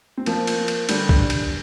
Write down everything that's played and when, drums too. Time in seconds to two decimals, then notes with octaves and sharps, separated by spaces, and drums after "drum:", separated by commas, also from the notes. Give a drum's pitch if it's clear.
0.18 C4
0.26 F3 A#3, drum: cymbal
0.47 drum: cymbal
0.68 drum: cymbal
0.89 D3 G3, drum: cymbal
1.09 drum: kick
1.30 drum: cymbal